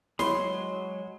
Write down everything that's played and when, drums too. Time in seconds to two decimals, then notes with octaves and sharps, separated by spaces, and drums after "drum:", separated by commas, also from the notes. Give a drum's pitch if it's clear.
0.19 F#3 G#3 C#5 B5 C6, drum: snare